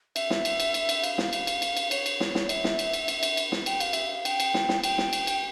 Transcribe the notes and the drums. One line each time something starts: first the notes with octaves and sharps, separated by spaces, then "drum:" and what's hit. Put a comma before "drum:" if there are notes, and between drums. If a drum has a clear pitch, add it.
E5, drum: cymbal
drum: snare
drum: cymbal
drum: cymbal
drum: cymbal
drum: cymbal
F5, drum: cymbal
drum: snare
drum: cymbal
drum: cymbal
drum: cymbal
drum: cymbal
C#5, drum: cymbal
drum: cymbal
drum: snare
drum: snare
E5, drum: cymbal
drum: snare
drum: cymbal
drum: cymbal
drum: cymbal
drum: cymbal
drum: cymbal
drum: snare
G5, drum: cymbal
F5, drum: cymbal
E5, drum: cymbal
F5
G5, drum: cymbal
drum: cymbal
drum: snare
drum: snare
G5, drum: cymbal
drum: snare
drum: cymbal
drum: cymbal